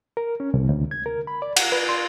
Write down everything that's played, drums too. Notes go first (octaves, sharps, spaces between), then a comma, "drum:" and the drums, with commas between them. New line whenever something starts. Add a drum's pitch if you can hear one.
A#4
C#4
C2
D2
G#6
A#4
B5
D5
F#5, drum: cymbal
B4
C6